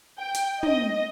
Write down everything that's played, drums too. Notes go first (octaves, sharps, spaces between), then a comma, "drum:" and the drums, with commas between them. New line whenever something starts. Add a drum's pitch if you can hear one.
G5
drum: hi-hat
D#5, drum: tom